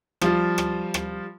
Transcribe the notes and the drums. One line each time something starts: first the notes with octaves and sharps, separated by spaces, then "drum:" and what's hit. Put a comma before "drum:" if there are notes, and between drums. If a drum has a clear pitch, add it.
F3 G3 F4, drum: rim click
drum: rim click
drum: rim click